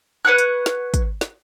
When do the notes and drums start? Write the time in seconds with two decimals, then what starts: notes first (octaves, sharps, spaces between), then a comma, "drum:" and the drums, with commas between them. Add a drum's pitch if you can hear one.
0.25 B4 C#5 F#5 F#6
0.38 drum: hi-hat
0.66 drum: snare
0.94 drum: kick, hi-hat
1.21 drum: snare